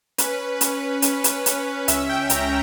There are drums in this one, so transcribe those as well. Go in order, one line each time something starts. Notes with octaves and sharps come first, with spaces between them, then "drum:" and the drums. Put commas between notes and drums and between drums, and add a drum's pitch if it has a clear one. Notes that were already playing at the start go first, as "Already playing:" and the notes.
C#4 B4, drum: hi-hat
C#4, drum: hi-hat
C#4, drum: hi-hat
drum: hi-hat
C#4, drum: hi-hat
C#2 E5, drum: hi-hat
G5
C#2 A#5, drum: hi-hat